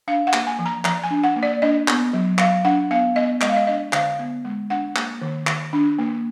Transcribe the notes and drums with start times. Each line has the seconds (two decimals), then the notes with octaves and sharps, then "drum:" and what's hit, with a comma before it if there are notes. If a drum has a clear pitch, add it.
0.08 D4 F5
0.27 F#5
0.33 A#3, drum: clap
0.47 G#5
0.59 F3
0.66 A#5
0.85 F3 A#5, drum: clap
1.04 G#5
1.11 D4
1.24 F#5
1.36 A#3
1.43 D5
1.62 D4 D#5
1.88 B3, drum: clap
2.13 F#3
2.38 F#3 F5, drum: clap
2.64 D4 F#5
2.91 B3 F5
3.16 B3 D#5
3.41 G#3 D#5, drum: clap
3.49 F5
3.56 D#5
3.67 D4 D#5
3.93 D3 F5, drum: clap
4.19 B3
4.44 G#3
4.70 D4 F#5
4.96 A#3, drum: clap
5.22 D#3
5.47 D#3, drum: clap
5.73 D4
5.99 A#3